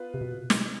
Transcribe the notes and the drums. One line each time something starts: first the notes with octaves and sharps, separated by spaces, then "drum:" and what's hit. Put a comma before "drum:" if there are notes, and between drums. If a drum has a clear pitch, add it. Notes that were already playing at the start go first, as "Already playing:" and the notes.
Already playing: B3 F4 B4
C3
B2
drum: snare